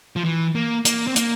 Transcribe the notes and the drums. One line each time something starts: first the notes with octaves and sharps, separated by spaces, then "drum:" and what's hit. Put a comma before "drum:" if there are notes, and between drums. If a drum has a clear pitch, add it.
F3
E3
A#3
A#3, drum: hi-hat
C4
A#3, drum: hi-hat